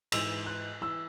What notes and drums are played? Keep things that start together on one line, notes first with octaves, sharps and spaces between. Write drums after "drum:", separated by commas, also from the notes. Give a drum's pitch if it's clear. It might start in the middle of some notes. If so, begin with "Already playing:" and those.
G#2 E3 E6, drum: cymbal
F#6
E3 E6